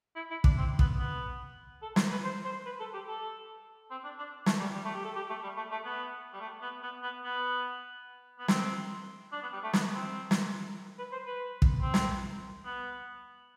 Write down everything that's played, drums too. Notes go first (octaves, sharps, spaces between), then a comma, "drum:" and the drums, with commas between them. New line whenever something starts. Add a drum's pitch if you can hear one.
E4
E4
D4, drum: kick
C4
B3, drum: kick
B3
A4
C5, drum: snare
B4
C5
C5
B4
A4
G4
A4
C4
D4
D4
A3, drum: snare
G3
G3
A3
G4
A4
G4
A3
G3
A3
A3
B3
G3
A3
B3
B3
B3
B3
B3
C4, drum: snare
D4
B3
G3
A3
B3, drum: snare
C4
drum: snare
B4
C5
B4
drum: kick
C4
drum: snare
B3